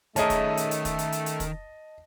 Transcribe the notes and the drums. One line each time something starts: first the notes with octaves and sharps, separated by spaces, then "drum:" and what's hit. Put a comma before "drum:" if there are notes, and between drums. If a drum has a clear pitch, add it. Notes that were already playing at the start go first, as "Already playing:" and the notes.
D#3 A3 C#4 G#4 A#4 D#5 E5 A5, drum: hi-hat
drum: kick, hi-hat
drum: hi-hat
drum: hi-hat
drum: kick, hi-hat
drum: hi-hat
drum: hi-hat
drum: hi-hat
drum: kick, hi-hat